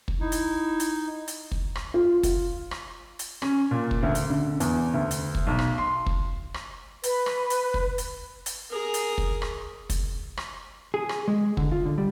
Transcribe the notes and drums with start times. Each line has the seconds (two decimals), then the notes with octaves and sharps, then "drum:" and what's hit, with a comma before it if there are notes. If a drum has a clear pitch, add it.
0.08 drum: kick
0.20 D#4 E4
0.32 drum: hi-hat
0.80 drum: hi-hat
1.28 drum: hi-hat
1.52 drum: kick
1.75 drum: rim click
1.94 F4
2.23 drum: kick, hi-hat
2.71 drum: rim click
3.19 drum: hi-hat
3.42 C#4, drum: rim click
3.71 A#2
3.91 drum: kick
4.03 D2
4.15 drum: hi-hat
4.30 D3
4.60 E2, drum: hi-hat
4.94 D2
5.11 drum: hi-hat
5.35 drum: kick
5.47 B1
5.59 drum: rim click
5.78 C6
6.06 drum: kick
6.54 drum: rim click
7.03 B4, drum: hi-hat
7.26 drum: rim click
7.50 drum: hi-hat
7.74 drum: kick
7.98 drum: hi-hat
8.46 drum: hi-hat
8.70 G#4 A#4
8.94 drum: hi-hat
9.18 drum: kick
9.42 drum: rim click
9.90 drum: kick, hi-hat
10.37 drum: rim click
10.94 G#4
11.09 drum: rim click
11.28 G#3
11.57 D3, drum: kick
11.72 F4
11.86 D3
11.98 G3